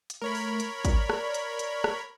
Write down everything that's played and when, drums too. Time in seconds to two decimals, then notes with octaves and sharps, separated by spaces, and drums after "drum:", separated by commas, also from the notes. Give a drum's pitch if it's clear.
0.10 drum: hi-hat
0.22 A3 A#4 C#5 B5
0.35 drum: open hi-hat
0.60 drum: hi-hat
0.85 D5, drum: kick, hi-hat
1.10 drum: rim click
1.34 drum: hi-hat
1.59 drum: hi-hat
1.84 drum: rim click